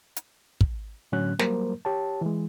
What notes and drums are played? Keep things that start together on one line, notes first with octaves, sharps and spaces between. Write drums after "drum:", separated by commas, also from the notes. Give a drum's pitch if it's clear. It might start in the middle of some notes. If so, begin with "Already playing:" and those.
drum: hi-hat
drum: kick
A2 D3 F#3 C#4 F#6
F#3 G3 A#3 A#4 C5, drum: snare
G4 C#5 A5
E3 G#3